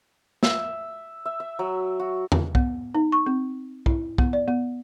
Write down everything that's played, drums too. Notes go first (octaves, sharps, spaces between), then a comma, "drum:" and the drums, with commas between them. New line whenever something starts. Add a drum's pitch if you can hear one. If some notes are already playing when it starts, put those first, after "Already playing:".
E5, drum: snare
E5
E5
F#3
F#4
drum: tom E2
B3, drum: kick
D#4
C#6
C4
E4, drum: kick
B3, drum: kick
D5
B3